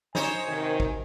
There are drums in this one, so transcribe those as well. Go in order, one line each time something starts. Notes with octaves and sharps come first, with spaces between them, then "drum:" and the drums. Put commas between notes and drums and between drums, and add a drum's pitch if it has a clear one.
D#4 C5 C#5 G#5, drum: snare
F#2 C3 D#3
drum: kick